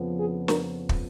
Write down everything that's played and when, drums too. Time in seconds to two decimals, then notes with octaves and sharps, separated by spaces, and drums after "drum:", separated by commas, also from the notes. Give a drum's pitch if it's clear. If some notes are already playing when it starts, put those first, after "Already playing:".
Already playing: F2 C#3 F3 B3
0.18 G#4
0.48 A#4, drum: snare
0.89 drum: kick